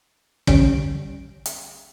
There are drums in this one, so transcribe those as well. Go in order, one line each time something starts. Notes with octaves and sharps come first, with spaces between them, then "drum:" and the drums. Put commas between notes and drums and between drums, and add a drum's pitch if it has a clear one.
D3 G3 C#4 D7, drum: kick
drum: hi-hat